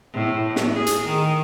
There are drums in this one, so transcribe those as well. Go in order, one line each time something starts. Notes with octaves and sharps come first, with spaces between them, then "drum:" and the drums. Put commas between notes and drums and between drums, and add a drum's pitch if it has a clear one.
A2
drum: snare
G#4
drum: hi-hat
D#3